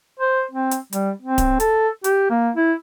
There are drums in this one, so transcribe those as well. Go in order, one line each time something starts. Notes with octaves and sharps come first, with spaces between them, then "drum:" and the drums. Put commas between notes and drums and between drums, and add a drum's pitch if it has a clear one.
C5
C4
drum: hi-hat
G3, drum: hi-hat
C4
drum: kick D1, hi-hat
A4, drum: hi-hat
G4, drum: hi-hat
A#3
E4